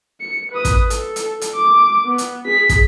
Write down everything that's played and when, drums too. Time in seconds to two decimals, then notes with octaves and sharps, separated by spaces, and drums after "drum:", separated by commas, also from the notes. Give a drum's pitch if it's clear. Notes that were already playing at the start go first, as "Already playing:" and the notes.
0.21 C#7
0.52 B4 D#6
0.65 drum: kick, hi-hat
0.90 A4, drum: hi-hat
1.16 drum: hi-hat
1.41 drum: hi-hat
1.56 D6
2.06 B3
2.18 drum: hi-hat
2.46 G#4 B6
2.69 drum: kick, hi-hat